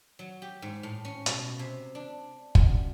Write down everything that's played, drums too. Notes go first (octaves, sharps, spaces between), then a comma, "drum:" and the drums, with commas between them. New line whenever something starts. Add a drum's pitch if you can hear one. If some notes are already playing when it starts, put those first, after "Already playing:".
F#3
G4
G#2
A2
C#4
B2, drum: hi-hat
C3
D4
F#2, drum: kick